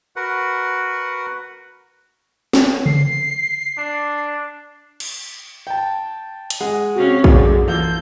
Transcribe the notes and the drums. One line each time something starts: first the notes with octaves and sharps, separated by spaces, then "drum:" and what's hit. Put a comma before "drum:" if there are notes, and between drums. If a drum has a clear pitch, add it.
F#4 A#4 B4 F#5
drum: snare
C7, drum: tom C#3
D4
drum: cymbal
G5 A5
drum: hi-hat
G#3 G#4 F#5
C3 C#4 F#4 F5
F#2 D3 F#3 G#4, drum: kick
E3 A#3 F4 A4 G6